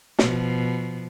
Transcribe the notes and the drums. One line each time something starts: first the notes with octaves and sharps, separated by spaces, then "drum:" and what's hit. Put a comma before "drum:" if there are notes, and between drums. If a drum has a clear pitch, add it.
B2 F3, drum: snare